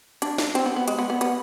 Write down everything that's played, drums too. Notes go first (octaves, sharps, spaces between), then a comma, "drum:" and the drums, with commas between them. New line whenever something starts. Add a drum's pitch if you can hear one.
D4, drum: hi-hat
drum: snare
C4, drum: hi-hat
B3
B3
G#3, drum: hi-hat
B3
B3
B3, drum: hi-hat